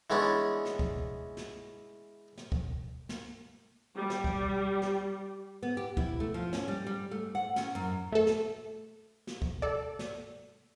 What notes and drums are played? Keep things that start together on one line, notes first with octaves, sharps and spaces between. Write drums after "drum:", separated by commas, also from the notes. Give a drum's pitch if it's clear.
E3 G#3 B3 C#4 D4
drum: snare
drum: kick
drum: snare
drum: snare
drum: kick
drum: snare
G3
drum: snare
drum: kick
drum: snare
B3
G4
E4, drum: kick
A3
F3
C#4, drum: snare
G3
G3
A3
F#5
C#4, drum: snare
F#2
A3 A4
drum: snare
drum: snare
drum: kick
A4 D5
drum: snare